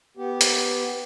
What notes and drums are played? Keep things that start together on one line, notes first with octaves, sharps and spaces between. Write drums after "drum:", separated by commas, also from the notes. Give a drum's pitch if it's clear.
B3 G4
drum: hi-hat